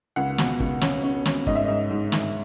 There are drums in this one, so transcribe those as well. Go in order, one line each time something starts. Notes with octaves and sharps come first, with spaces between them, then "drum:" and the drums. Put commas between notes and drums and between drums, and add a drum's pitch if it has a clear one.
C#2 F#5
B2, drum: snare
C#2, drum: kick
C#4, drum: snare
C#4
C#4, drum: snare
G#2 D#5, drum: kick
E5
G#2 D#5
G#2
G#2, drum: snare